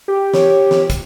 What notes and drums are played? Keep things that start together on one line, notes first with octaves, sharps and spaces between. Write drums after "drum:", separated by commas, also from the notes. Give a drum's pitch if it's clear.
G4
C#5, drum: snare
drum: snare
drum: kick, hi-hat